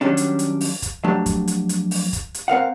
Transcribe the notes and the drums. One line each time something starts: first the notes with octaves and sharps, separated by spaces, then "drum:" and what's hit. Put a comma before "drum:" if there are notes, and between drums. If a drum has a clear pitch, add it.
D#3 F#3 G3 C#4 D4
drum: hi-hat
drum: hi-hat
drum: open hi-hat
drum: kick, hi-hat
F2 F#3 A3 D4 G4 A5
drum: kick, hi-hat
drum: hi-hat
drum: hi-hat
drum: open hi-hat
drum: kick, hi-hat
drum: hi-hat
C4 A#4 F5 F#5